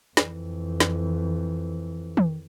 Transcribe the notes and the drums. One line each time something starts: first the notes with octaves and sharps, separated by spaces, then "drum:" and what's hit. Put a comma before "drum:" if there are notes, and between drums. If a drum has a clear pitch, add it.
F2 E3, drum: snare
drum: snare
drum: tom D#3